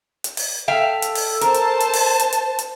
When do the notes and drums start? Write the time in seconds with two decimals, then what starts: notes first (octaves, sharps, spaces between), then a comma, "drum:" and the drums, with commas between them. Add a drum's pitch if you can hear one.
0.24 drum: hi-hat
0.37 drum: open hi-hat
0.68 A4 E5 F5 G5
1.02 drum: hi-hat
1.15 drum: open hi-hat
1.41 A#4 C5 A5, drum: hi-hat
1.54 drum: hi-hat
1.80 drum: hi-hat
1.93 drum: open hi-hat
2.19 drum: hi-hat
2.33 drum: hi-hat
2.59 drum: hi-hat